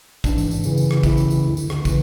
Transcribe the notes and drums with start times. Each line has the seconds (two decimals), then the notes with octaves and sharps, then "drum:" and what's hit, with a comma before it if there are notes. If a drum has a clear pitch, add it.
0.24 G#2 E3 D4, drum: kick, tambourine
0.38 drum: tambourine
0.51 drum: tambourine
0.64 F#2 C#3 E3, drum: tambourine
0.78 drum: tambourine
0.91 drum: rim click
1.03 F#2 C#3 E3 E4, drum: kick, tambourine
1.17 drum: tambourine
1.30 drum: tambourine
1.44 D2 D3
1.57 drum: tambourine
1.70 drum: rim click
1.85 C#3 E3, drum: kick, tambourine